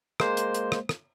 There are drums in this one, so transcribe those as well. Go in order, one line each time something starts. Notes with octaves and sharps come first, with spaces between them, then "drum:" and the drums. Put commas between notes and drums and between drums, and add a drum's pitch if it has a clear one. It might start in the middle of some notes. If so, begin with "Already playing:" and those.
G#3 A#3 C5, drum: rim click
drum: hi-hat
drum: hi-hat
drum: rim click
drum: rim click